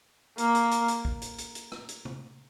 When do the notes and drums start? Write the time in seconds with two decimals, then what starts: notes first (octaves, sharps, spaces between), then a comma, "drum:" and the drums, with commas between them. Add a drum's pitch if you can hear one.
0.38 A#3, drum: hi-hat
0.55 drum: hi-hat
0.71 drum: hi-hat
0.88 drum: hi-hat
1.05 drum: kick
1.22 drum: hi-hat
1.38 drum: hi-hat
1.55 drum: hi-hat
1.72 drum: rim click
1.89 drum: hi-hat
2.05 drum: tom